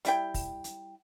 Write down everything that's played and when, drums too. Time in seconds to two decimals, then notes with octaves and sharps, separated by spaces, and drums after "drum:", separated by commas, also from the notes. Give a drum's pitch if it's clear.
0.05 G3 E4 G5, drum: hi-hat
0.34 drum: kick, open hi-hat
0.64 drum: hi-hat